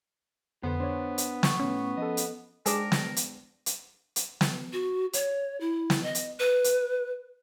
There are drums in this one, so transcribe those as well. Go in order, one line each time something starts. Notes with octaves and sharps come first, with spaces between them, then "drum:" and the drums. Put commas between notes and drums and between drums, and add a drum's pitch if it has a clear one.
F2 D3 B3 C5
D4 C5 C#5
drum: hi-hat
C#6, drum: snare
A2 C#4
F3 A4 D#5
drum: hi-hat
G#3 C4 D4 G#4 A#4, drum: hi-hat
drum: snare
drum: hi-hat
drum: hi-hat
drum: hi-hat
drum: snare
F#4
C#5, drum: hi-hat
E4
drum: snare
D#5
drum: hi-hat
B4
drum: hi-hat